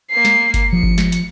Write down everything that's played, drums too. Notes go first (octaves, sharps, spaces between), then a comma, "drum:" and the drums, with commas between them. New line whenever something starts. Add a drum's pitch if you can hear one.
A#3 C7
drum: snare
drum: kick G1, hi-hat
F3 C#7
drum: kick G1
drum: snare
drum: hi-hat